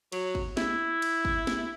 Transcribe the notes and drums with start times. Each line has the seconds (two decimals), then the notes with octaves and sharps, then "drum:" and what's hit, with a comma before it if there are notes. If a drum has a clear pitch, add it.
0.12 F#3, drum: cymbal
0.35 drum: kick
0.57 E4, drum: snare
1.02 drum: cymbal
1.25 drum: kick
1.47 drum: snare